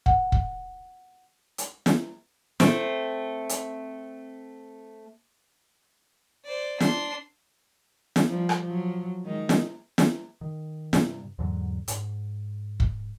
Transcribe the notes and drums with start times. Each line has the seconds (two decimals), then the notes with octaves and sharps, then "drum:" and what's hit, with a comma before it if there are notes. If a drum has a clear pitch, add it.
0.06 F#5, drum: kick
0.32 drum: kick
1.58 drum: hi-hat
1.86 drum: snare
2.60 A3 C4, drum: snare
3.49 drum: hi-hat
6.45 C5 D5
6.80 D4 C6, drum: snare
8.16 drum: snare
8.26 F3 G3
8.49 drum: rim click
8.63 F3 F#3
9.24 D#3 G#3 D#4
9.49 drum: snare
9.98 drum: snare
10.41 D#3
10.93 G2 C3, drum: snare
11.39 E2 G#2 D3 F#3
11.88 G#2, drum: hi-hat
12.80 drum: kick